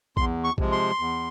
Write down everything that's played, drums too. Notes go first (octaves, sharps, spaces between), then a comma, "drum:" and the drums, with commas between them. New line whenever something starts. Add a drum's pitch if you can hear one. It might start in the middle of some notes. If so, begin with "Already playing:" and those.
E2 C6, drum: kick A#1
C#6
C3 F3 G#3, drum: kick A#1
C6
E2